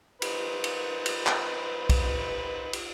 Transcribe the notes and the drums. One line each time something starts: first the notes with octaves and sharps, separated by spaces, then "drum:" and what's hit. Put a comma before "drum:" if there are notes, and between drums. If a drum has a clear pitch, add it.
D#4 B4 C5, drum: cymbal
drum: cymbal
drum: cymbal
drum: clap
drum: kick, cymbal
drum: cymbal